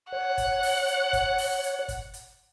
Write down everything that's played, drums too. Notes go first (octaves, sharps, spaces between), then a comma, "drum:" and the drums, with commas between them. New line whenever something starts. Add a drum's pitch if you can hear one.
C#5 F#5
drum: kick, hi-hat
drum: open hi-hat
drum: hi-hat
drum: kick, hi-hat
drum: open hi-hat
drum: hi-hat
drum: kick, hi-hat
drum: hi-hat